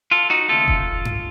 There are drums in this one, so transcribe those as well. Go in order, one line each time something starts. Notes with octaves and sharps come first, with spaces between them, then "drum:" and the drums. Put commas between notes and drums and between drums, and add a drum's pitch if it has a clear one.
F4 A4
D#4 F#4
D#2 C#3 A3 F4 A4
drum: kick F1
drum: tom G2